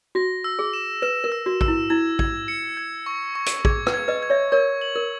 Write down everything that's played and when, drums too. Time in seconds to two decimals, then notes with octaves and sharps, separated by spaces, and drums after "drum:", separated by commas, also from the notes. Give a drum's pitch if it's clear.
0.15 F#4 A#6
0.44 E6
0.59 G#4
0.73 E7
1.02 B4 E7
1.24 A#4
1.32 E6
1.46 F#4
1.61 E6, drum: kick A1
1.68 E4
1.90 E4 G#6
2.19 G#6, drum: kick A1
2.48 C#7
2.77 G#6
3.06 C#6
3.35 C#6
3.46 drum: hi-hat
3.65 G#4 G#6, drum: kick A1
3.87 B4, drum: rim click
3.94 G#6
4.08 B4 D#5
4.23 G#6
4.30 C#5 E5
4.52 A#4 C#5 C#6
4.81 F#7
4.96 A#4